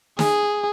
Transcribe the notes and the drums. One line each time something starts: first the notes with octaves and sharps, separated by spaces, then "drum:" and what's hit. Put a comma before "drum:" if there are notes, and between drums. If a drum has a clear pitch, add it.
G#4, drum: snare